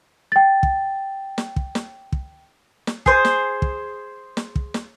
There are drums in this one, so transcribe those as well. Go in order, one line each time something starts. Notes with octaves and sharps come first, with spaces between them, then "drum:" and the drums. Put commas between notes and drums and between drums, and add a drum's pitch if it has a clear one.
G5 A6
drum: kick
drum: snare
drum: kick
drum: snare
drum: kick
drum: snare
G#4 C5, drum: kick
drum: snare
drum: kick
drum: snare
drum: kick
drum: snare